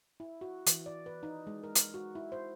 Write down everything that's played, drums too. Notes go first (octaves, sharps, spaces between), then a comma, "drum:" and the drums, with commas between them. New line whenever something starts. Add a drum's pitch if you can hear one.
E4
F#4
E3, drum: hi-hat
D5
B4
D#4
G#3
A#4
drum: hi-hat
F#4
E4
C5